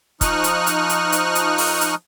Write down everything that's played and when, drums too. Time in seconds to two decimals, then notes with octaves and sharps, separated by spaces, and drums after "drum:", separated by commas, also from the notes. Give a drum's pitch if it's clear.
0.21 F3 D#4 C#6 D#6 F6 F#6, drum: kick, hi-hat
0.44 drum: hi-hat
0.67 drum: hi-hat
0.89 drum: hi-hat
1.12 drum: hi-hat
1.35 drum: hi-hat
1.58 drum: open hi-hat
1.81 drum: hi-hat